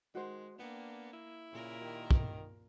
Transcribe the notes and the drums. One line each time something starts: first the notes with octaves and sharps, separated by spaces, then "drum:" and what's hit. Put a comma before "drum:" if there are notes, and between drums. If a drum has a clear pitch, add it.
D#3 G#3 F#4 C5
A#3 B3 D4 G5
E4
A#2 C#3 A#4
D#3 G4
drum: kick